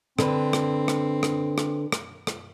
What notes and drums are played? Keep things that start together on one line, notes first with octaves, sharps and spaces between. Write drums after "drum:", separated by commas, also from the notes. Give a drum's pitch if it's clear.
D3 C4 B4, drum: rim click
drum: rim click
drum: rim click
drum: rim click
drum: rim click
drum: rim click
drum: rim click